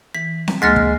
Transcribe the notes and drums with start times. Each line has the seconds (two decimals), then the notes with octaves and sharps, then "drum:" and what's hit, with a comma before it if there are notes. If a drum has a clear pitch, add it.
0.15 E3 B6
0.48 drum: snare C4
0.62 D2 G#3 A#3 F6 A6 B6
0.76 drum: kick